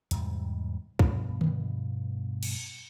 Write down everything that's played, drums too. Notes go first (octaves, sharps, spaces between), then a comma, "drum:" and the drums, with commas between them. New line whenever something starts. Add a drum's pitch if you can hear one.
E2 G#2 C3 G3, drum: hi-hat
G2 B2 F3 B3, drum: kick
drum: tom D3
drum: cymbal